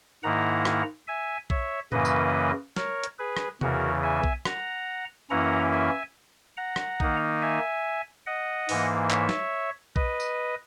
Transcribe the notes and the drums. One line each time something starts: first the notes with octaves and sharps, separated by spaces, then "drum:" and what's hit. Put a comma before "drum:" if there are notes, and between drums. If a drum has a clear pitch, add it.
G#2 D#3 A#3 E4 F#5 A#5
drum: rim click
E5 G#5
C#5 E5, drum: kick B1
F#2 C#3 E3 A#3 B4 D#5, drum: tom A2
drum: tambourine
A#4 C#5, drum: snare
drum: hi-hat
G#4 B4
drum: rim click
E2 C#3 E3 F#4 A#4, drum: tom C3
E5 G#5
drum: kick B1
F#5 A#5, drum: rim click
F#2 E3 A#3 C#4 E4 F#5 A#5
E5 G#5
F#5 A#5
drum: rim click
D#3 A#3 D#4, drum: kick B1
E5 G#5
D#5 F#5
G#2 E3 A#3, drum: open hi-hat
C#5 E5, drum: clap
drum: snare
B4 D#5, drum: kick B1
drum: tambourine